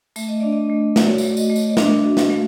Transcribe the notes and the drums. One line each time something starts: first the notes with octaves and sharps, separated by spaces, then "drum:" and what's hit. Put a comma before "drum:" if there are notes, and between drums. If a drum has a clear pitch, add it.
A3 E5, drum: tambourine
D#5
D4 D5
D#5
A3
F#4 D5, drum: snare
C#5
A3 D5, drum: tambourine
D#5, drum: tambourine
A3
C#5, drum: tambourine
D5
D#5
D4 E5, drum: snare
F#4 D#5
drum: snare
A3 F5